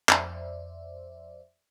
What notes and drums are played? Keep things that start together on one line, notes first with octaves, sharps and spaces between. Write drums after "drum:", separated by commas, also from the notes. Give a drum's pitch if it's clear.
F2 C5 D5 E5, drum: clap